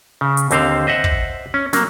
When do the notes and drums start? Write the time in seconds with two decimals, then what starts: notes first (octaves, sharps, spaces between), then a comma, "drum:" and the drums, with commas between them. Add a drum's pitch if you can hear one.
0.21 C#3
0.37 drum: hi-hat
0.51 D#2 D3 C4 C5 F5, drum: hi-hat
0.87 C5 D#5 E5 F#5
1.04 drum: kick
1.54 C#4
1.73 F#3 A#3, drum: snare